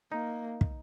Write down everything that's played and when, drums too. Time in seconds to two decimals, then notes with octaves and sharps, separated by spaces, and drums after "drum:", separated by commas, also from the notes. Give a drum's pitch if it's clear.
0.12 A#3 D#4
0.61 drum: kick